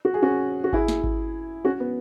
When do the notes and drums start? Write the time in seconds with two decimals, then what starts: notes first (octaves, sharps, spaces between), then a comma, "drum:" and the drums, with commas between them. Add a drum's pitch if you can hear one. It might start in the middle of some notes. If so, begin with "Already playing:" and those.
0.05 F#4
0.14 G#4
0.23 C#4 F#4
0.64 F#4
0.73 E4 G#4, drum: kick G#1
0.88 drum: snare
1.04 drum: kick G#1
1.65 C#4 F#4
1.80 B3